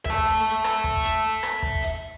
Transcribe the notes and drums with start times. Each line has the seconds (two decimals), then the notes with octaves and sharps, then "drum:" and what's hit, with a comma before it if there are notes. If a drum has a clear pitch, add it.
0.05 E5 A5, drum: kick
0.25 drum: hi-hat
0.64 drum: rim click
0.84 drum: kick
1.04 drum: hi-hat
1.43 drum: rim click
1.62 drum: kick
1.82 drum: hi-hat